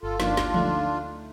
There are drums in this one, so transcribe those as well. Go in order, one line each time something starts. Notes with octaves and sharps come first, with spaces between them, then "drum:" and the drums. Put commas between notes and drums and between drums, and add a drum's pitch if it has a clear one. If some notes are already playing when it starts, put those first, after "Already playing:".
G1 F4 A4
G2 F3 A#3 D4 D#4 F4, drum: snare
D2, drum: snare
D3 A3 D#4, drum: tom E3